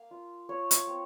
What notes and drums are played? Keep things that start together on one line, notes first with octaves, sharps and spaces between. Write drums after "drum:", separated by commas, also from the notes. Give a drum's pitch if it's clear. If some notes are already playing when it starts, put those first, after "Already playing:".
Already playing: A#3 F5
F4
F4 C#5
drum: hi-hat
C4